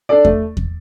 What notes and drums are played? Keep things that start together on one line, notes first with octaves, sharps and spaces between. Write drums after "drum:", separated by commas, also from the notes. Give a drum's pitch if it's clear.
D4 A4 D5
A3, drum: kick E2
drum: kick E2